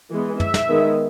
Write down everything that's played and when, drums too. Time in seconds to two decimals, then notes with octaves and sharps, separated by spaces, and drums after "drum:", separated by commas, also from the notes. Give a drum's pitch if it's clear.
0.12 E3 G#3 B3
0.40 E5, drum: tom
0.54 drum: snare
0.68 D#3 G#3 B3